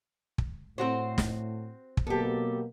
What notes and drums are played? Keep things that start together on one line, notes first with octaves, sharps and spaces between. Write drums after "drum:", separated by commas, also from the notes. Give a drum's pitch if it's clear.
drum: kick
A2 C4 F#4 C5
drum: snare
drum: kick
B2 F#3 A#3 G4 A4